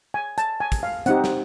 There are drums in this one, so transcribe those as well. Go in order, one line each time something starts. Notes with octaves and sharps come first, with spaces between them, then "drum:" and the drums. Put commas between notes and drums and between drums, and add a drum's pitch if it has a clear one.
G#5
A5, drum: hi-hat
G#5
drum: kick, hi-hat
F5
C4 D#4 G4 F#5, drum: hi-hat
drum: snare